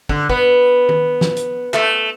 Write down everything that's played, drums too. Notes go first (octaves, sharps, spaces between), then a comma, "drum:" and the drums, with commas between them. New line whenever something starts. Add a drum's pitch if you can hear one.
D3, drum: kick
B3, drum: kick
drum: tom
drum: snare
drum: hi-hat
A3, drum: clap